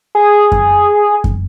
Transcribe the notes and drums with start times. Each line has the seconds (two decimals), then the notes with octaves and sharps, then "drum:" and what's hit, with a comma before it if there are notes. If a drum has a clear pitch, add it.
0.15 G#4
0.52 drum: kick F#2
1.24 drum: kick F#2